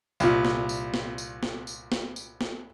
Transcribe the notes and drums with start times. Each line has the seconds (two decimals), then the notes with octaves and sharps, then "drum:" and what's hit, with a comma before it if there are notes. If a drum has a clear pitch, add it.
0.20 C2 A#2, drum: tambourine
0.45 drum: snare
0.69 drum: tambourine
0.94 drum: snare
1.18 drum: tambourine
1.43 drum: snare
1.67 drum: tambourine
1.92 drum: snare
2.16 drum: tambourine
2.41 drum: snare